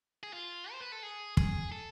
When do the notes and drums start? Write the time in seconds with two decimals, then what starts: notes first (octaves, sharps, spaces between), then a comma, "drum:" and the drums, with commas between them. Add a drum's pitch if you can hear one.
0.23 G#4
0.33 F4
0.72 C5
0.81 B4
0.92 A4
1.03 G#4
1.37 G#4, drum: kick
1.72 A4